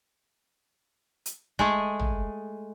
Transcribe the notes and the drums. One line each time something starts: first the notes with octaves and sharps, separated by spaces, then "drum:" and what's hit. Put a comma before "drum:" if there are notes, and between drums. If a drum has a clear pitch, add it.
drum: hi-hat
G#3 A3 G#4, drum: kick
drum: tom